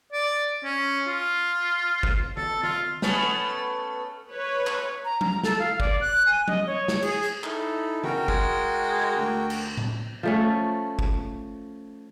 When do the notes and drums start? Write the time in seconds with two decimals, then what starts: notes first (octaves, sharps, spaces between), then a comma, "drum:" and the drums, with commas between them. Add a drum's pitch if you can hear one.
0.12 D5
0.64 C#4
1.08 F4
2.03 drum: kick
2.37 A4, drum: tom D#3
2.63 F4, drum: tom D#3
3.02 A3 B3 C#4, drum: snare
4.31 B4 C#5
4.67 drum: clap
5.05 A#5
5.21 A#5, drum: tom F3
5.44 A4, drum: snare
5.59 F5
5.80 D5, drum: kick
6.01 F#6
6.26 G#5
6.48 D#5, drum: tom F3
6.67 C#5
6.88 drum: snare
7.02 G#4, drum: cymbal
7.23 drum: hi-hat
7.44 D#4 E4 A4, drum: clap
8.04 C#3 F#4 A#4 G5, drum: tom D#3
8.28 G#3, drum: kick
9.17 D2
9.50 drum: cymbal
9.77 drum: tom A2
10.23 F3 A3 C#4
10.99 drum: kick